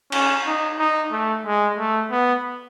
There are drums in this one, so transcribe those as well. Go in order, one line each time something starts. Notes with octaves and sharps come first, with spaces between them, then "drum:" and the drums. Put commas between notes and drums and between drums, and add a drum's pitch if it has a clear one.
C#4, drum: cymbal
D#4
D#4
A3
G#3
A3
B3